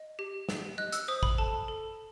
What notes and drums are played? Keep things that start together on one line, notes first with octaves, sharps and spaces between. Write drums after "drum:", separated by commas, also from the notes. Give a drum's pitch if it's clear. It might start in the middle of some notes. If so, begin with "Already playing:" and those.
Already playing: D#5
G4
G4, drum: snare
D#5 F#6
E6, drum: hi-hat
C5 D#6
B5, drum: kick
A4 A5
A4